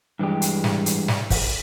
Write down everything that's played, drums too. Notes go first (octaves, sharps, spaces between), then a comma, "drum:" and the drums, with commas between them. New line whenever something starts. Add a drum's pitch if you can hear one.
G2 E3 G#3 G4
drum: hi-hat
drum: snare
drum: hi-hat
drum: snare
drum: kick, open hi-hat